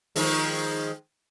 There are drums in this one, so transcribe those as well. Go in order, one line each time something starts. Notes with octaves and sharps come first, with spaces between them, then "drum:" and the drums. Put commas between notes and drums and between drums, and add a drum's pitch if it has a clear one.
D#3 F3 G#3, drum: open hi-hat